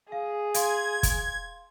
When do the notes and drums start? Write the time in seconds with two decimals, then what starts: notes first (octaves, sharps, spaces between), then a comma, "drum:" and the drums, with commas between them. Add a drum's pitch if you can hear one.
0.12 G#4 F5
0.54 F5 C6 G#6, drum: hi-hat
1.03 drum: kick, hi-hat